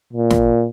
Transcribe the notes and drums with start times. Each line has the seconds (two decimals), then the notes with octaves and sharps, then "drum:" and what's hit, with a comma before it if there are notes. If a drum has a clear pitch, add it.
0.13 A#2
0.30 drum: snare